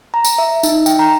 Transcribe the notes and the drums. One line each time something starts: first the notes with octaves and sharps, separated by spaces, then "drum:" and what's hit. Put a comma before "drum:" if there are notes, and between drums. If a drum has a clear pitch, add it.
A#5
drum: tambourine
E5
D#4, drum: tambourine
G5, drum: tambourine
A#5